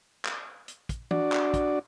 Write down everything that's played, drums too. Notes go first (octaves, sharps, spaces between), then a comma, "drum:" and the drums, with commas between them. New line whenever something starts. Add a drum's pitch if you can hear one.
drum: clap
drum: hi-hat
drum: kick, hi-hat
D4 F#4 D5, drum: tom
drum: clap
drum: kick, hi-hat